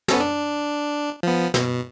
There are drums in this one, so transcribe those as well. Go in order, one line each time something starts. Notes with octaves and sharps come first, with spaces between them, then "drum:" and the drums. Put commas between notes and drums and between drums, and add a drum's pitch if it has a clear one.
B3 C#4 A4, drum: snare
D4
F3 B3
B2, drum: snare